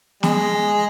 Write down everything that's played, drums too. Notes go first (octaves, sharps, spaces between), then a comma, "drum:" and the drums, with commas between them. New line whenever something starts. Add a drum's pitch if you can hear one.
G#3, drum: snare